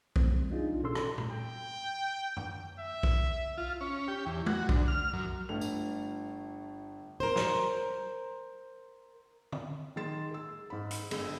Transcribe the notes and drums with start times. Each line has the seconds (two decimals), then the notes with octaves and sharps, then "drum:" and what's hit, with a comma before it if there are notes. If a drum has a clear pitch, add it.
0.16 E3 A3 C4, drum: kick B1
0.31 G3 G#3
0.51 D4 D#4 F4 G#4
0.83 B2 C#4 A4 C6 E6
0.95 A4, drum: rim click
1.18 drum: tom A#2
1.32 G5
2.37 drum: tom F#2
2.79 E5
3.03 drum: kick B1
3.57 F4
3.81 C#4
4.08 G4
4.26 E2
4.46 F#4, drum: tom G#3
4.69 D2, drum: kick B1
4.88 F6
5.13 F#2
5.49 G1 A3 F7
5.61 drum: tambourine
7.20 A#4 C5
7.36 drum: snare
9.52 drum: tom
9.96 D#3 G#3 C6 A6 E7
10.31 G#4 E6
10.70 G#2 B5
10.91 drum: hi-hat
11.11 G1 G#3 B5 E6, drum: cymbal